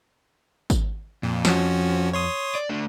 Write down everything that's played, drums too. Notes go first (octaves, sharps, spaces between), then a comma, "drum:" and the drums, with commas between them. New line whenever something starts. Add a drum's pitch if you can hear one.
drum: kick G#1, tambourine
F2 A#2
F3 C#4 F#4, drum: snare
C#5 C6 D#6
D5
A3 D4